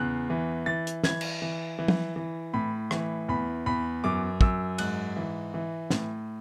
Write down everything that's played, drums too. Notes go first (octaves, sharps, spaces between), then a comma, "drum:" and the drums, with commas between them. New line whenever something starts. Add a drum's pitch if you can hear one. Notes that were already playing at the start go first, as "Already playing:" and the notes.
Already playing: E2 C#3 F#6
E3
E3 A6
drum: hi-hat
E3 G#6, drum: snare
drum: cymbal
E3
E3
drum: tom F3
E3
A2 B5
E3, drum: rim click
E2 B5
E2 B5
F#2 D6
F#2 E6, drum: kick
G#2 F#6, drum: cymbal
E3
E3
A2, drum: snare